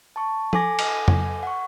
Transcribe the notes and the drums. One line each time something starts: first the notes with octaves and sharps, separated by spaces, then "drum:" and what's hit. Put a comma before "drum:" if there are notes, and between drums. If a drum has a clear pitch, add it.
A5 C#6
A4 G#5 D6 A#6, drum: tom F3
drum: cymbal
drum: tom F2
F#5 C#6